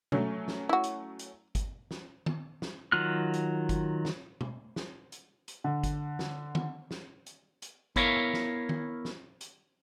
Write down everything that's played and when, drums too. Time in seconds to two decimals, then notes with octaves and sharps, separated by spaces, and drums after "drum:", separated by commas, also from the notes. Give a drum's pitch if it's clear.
0.12 F#3 A3 C#4, drum: tom B2
0.48 drum: snare
0.69 E4 F#4
0.84 drum: hi-hat
1.19 drum: hi-hat
1.55 drum: kick G1, hi-hat
1.91 drum: snare
2.26 drum: tom D#3
2.62 drum: snare
2.92 D#3 F#3 F4 F6 F#6
3.34 drum: hi-hat
3.69 drum: kick G1, hi-hat
4.05 drum: snare
4.41 drum: tom B2
4.76 drum: snare
5.12 drum: hi-hat
5.48 drum: hi-hat
5.64 D3
5.84 drum: kick G1, hi-hat
6.19 drum: snare
6.55 drum: tom D#3
6.91 drum: snare
7.26 drum: hi-hat
7.62 drum: hi-hat
7.96 B3 E4 A#4 C#5 F5, drum: kick G1, hi-hat
8.34 drum: snare
8.69 drum: tom D#3
9.05 drum: snare
9.41 drum: hi-hat